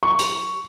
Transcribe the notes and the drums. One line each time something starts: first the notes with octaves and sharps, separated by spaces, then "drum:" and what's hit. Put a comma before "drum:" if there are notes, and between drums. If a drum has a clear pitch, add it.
C#6
drum: hi-hat